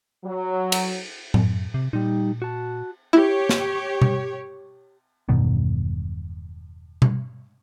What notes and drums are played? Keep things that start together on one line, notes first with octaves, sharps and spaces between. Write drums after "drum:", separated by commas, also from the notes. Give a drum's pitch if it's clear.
F#3
drum: cymbal
F#2, drum: tom A2
C3
A#2 G3 D#4
F#4 A5
E4 G4 C#5
drum: snare
drum: tom B2
E1 G2 B2 D#3
drum: tom B2